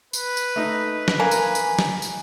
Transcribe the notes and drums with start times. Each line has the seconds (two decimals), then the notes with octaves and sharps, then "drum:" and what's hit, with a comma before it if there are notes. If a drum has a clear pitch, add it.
0.13 B4, drum: tambourine
0.37 drum: tambourine
0.56 A3 D#4
1.08 drum: snare
1.20 A#3 G#5
1.31 drum: tambourine
1.55 drum: tambourine
1.79 drum: snare
2.02 drum: tambourine